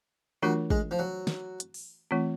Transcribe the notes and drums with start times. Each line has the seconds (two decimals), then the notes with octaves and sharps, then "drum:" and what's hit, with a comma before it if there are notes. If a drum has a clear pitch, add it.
0.43 E3 F#3 A3 D4 F4 A#4
0.70 G#3, drum: kick
0.91 F3
0.99 F#3
1.27 drum: snare
1.60 drum: hi-hat
1.74 drum: open hi-hat
2.11 E3 A3 C4 F4